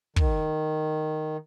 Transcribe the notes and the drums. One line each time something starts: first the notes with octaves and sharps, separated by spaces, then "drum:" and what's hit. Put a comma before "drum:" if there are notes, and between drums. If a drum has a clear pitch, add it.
D#3, drum: kick